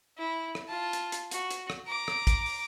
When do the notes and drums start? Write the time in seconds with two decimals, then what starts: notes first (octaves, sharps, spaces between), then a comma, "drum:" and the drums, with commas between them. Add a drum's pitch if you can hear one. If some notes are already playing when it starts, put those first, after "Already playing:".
0.18 E4
0.55 drum: rim click
0.68 F4 A5
0.93 drum: hi-hat
1.12 drum: hi-hat
1.31 F#4, drum: hi-hat
1.51 drum: hi-hat
1.70 drum: rim click
1.86 A#5 D6
2.08 drum: rim click
2.27 drum: kick, hi-hat
2.46 drum: open hi-hat